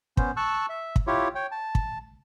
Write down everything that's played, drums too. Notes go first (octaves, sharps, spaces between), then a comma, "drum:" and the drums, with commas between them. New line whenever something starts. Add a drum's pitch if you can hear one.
B3 C#4 C5, drum: kick
A5 C#6 E6 F#6
E5
drum: kick
E4 F4 G4 C#5
C#5 G5
A5
drum: kick